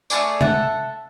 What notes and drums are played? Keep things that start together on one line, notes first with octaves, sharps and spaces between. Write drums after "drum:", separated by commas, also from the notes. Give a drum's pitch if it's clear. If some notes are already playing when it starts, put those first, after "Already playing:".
A3 F4 G#4 D5, drum: tambourine
A4 E5 F#5, drum: tom C3